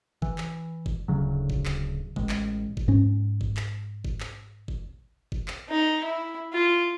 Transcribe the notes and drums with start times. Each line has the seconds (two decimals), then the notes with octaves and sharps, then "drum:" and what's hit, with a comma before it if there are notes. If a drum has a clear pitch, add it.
0.22 E3, drum: kick G1
0.38 drum: clap
0.86 drum: kick G1
1.08 D1 D2 C#3 F#3
1.50 drum: kick G1
1.66 drum: clap
2.16 A1 G#3, drum: kick G1
2.29 drum: clap
2.77 drum: kick G1
2.88 G#2 C#4
3.41 drum: kick G1
3.57 drum: clap
4.05 drum: kick G1
4.20 drum: clap
4.68 drum: kick G1
5.32 drum: kick G1
5.48 drum: clap
5.70 D#4
6.04 E4
6.53 F4